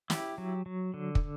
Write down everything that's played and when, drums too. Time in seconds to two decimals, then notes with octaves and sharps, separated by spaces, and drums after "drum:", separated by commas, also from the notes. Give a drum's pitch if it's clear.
0.10 E4 G4, drum: snare
0.38 F#3
0.66 F#3
0.94 D3
1.15 drum: kick